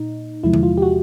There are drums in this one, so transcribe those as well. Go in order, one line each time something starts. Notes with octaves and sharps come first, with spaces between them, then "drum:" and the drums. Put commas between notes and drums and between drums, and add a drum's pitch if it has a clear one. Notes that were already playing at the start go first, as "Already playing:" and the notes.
Already playing: A#2 D#4
E2 C3 F3 G#3 E4
drum: tom D3
F4
G4
F#4